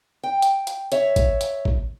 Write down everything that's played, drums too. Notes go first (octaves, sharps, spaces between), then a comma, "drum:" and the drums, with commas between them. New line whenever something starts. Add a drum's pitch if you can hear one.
G5
drum: hi-hat
drum: hi-hat
C#5 E5, drum: hi-hat
drum: kick G#1, hi-hat
drum: hi-hat
drum: kick G#1